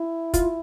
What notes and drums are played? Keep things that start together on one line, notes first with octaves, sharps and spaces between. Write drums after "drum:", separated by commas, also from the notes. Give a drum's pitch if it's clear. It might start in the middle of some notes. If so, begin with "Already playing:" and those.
Already playing: E4
F4, drum: kick, hi-hat